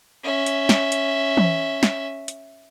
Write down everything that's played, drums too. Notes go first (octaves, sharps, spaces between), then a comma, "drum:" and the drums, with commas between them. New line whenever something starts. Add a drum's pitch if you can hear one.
C#4 E5
drum: hi-hat
drum: snare
drum: hi-hat
drum: tom E3
drum: snare
drum: hi-hat